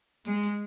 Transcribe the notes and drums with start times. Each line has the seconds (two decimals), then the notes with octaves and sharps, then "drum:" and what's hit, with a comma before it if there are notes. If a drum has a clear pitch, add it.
0.25 G#3, drum: hi-hat
0.43 drum: hi-hat